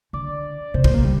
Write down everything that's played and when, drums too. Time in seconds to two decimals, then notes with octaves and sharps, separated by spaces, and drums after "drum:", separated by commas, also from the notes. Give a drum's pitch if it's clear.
0.13 D3 D5
0.74 C3 C5
0.84 A#2 C5, drum: kick
0.94 C3 A#3
1.04 D3 G3